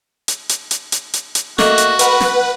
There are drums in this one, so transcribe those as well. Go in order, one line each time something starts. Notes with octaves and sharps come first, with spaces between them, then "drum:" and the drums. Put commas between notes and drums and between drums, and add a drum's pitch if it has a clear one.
drum: hi-hat
drum: hi-hat
drum: hi-hat
drum: hi-hat
drum: hi-hat
drum: hi-hat
A3 A#3 D4 F#4 D#5, drum: snare
drum: hi-hat
A#4 B4 F#5 B5, drum: hi-hat
drum: snare